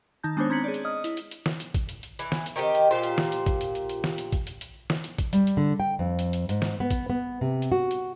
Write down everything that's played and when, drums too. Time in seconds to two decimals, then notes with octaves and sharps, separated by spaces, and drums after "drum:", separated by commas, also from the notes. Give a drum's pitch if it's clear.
0.23 D#3 D#4 A5 G6
0.37 G#3 B3 D4 D#4 C5 C#5
0.50 C4 A#5 G#6 B6 C#7 F#7
0.64 G#4 C#5 D5
0.74 drum: hi-hat
0.85 D#5 D#6 F6
1.04 E4, drum: hi-hat
1.17 drum: hi-hat
1.31 drum: hi-hat
1.46 drum: snare
1.60 drum: hi-hat
1.74 drum: kick, hi-hat
1.89 drum: hi-hat
2.03 drum: hi-hat
2.19 E3, drum: hi-hat
2.32 drum: snare
2.46 drum: hi-hat
2.56 D#3 C4 G4 D#5
2.75 drum: hi-hat
2.91 A#2 F4 G4 C5
3.03 drum: hi-hat
3.18 drum: snare
3.32 drum: hi-hat
3.46 drum: kick, hi-hat
3.61 drum: hi-hat
3.75 drum: hi-hat
3.89 drum: hi-hat
4.04 drum: snare
4.18 drum: hi-hat
4.32 drum: kick, hi-hat
4.47 drum: hi-hat
4.61 drum: hi-hat
4.90 drum: snare
5.04 drum: hi-hat
5.18 drum: kick, hi-hat
5.33 G3, drum: hi-hat
5.47 drum: hi-hat
5.57 D3
5.80 G5
5.99 F2
6.19 drum: hi-hat
6.33 drum: hi-hat
6.49 G#2, drum: hi-hat
6.62 drum: snare
6.80 B3
6.91 drum: kick, hi-hat
7.10 B3
7.41 C3
7.62 drum: hi-hat
7.72 F#4
7.91 drum: hi-hat